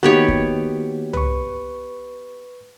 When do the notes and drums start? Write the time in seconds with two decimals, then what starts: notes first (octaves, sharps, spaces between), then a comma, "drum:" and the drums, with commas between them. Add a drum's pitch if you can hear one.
0.03 D#3 A#3 B3 F#4 G4 C#5
0.28 drum: kick
1.13 B4 C#6, drum: tom